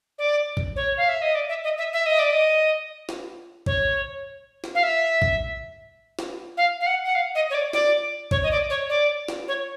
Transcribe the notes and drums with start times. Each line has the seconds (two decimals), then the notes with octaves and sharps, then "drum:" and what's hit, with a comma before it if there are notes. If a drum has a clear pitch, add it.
0.18 D5
0.57 drum: kick
0.76 C#5
0.97 F5
1.09 E5
1.22 D#5
1.35 D5
1.49 E5
1.64 D#5
1.78 E5
1.93 E5
2.06 D#5
2.19 D5
2.31 D#5
3.09 drum: snare
3.66 C#5, drum: kick
4.64 drum: snare
4.75 F5
4.83 E5
5.22 drum: kick
6.19 drum: snare
6.57 F5
6.81 F5
6.86 F#5
7.05 F#5
7.15 F5
7.35 D#5
7.50 C#5
7.54 D5
7.73 D5, drum: snare
8.31 C#5, drum: kick
8.43 D#5
8.51 D5
8.70 C#5
8.89 D5
9.28 drum: snare
9.48 C#5